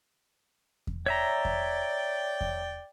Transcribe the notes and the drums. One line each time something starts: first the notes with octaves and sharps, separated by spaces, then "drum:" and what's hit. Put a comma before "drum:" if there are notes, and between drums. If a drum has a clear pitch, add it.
drum: kick E2
C#5 D5 E5 G5 A#5
drum: kick E2
drum: kick E2